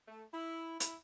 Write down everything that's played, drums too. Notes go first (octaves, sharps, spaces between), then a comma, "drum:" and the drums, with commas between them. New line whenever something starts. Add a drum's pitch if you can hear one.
A3
E4
E4, drum: hi-hat